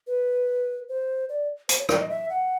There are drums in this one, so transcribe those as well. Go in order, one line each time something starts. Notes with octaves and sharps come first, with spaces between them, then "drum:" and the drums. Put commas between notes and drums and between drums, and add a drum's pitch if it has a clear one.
B4
C5
D5
C5, drum: hi-hat
C#5
D5, drum: rim click
D#5
E5
F#5